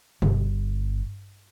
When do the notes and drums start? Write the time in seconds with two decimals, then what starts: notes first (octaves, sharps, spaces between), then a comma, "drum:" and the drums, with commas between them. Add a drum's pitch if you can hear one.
0.22 G1, drum: tom B2